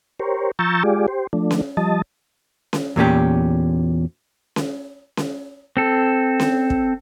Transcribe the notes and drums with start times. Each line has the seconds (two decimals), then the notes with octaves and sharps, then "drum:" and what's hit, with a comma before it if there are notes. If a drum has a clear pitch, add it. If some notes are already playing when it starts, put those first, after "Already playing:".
0.20 G4 A#4 C5 C#5
0.59 F3 A#5 C#6 E6 G6 A6
0.83 G#3 F4 G4 G#4 D5
1.08 G4 C5
1.33 F3 A3 D4
1.51 drum: snare C#4
1.77 F3 G3 D#5 A5
2.73 drum: snare C#4
2.96 E2 A#2 C#4 G4
4.56 drum: snare C#4
5.17 drum: snare C#4
5.77 C4 A4
6.40 drum: snare C#4
6.70 drum: kick